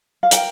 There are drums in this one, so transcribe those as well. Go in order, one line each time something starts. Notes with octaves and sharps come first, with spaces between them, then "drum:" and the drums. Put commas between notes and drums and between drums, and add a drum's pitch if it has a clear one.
F5
A#4 G5, drum: hi-hat